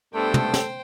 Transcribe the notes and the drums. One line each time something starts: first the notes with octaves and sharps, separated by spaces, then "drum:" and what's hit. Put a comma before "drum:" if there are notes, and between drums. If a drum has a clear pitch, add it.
G2 A3 B3 A4 C5 G5
drum: tom
drum: snare